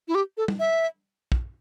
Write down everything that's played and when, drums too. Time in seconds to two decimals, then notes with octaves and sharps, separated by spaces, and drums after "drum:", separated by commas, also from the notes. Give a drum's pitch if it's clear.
0.08 E4
0.15 G4
0.37 A4
0.48 drum: tom
0.59 E5
1.32 drum: kick